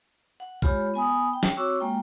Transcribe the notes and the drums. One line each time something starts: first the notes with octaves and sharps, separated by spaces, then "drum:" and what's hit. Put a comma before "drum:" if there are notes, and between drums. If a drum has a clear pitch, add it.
F#5
G#3 F4 G4 C#5 B5, drum: kick A#1
B3 G#5 B5 D#6
G5
drum: snare
C4 F#4 C#5 C#6 D6 E6
G#3 A#3 F4 G5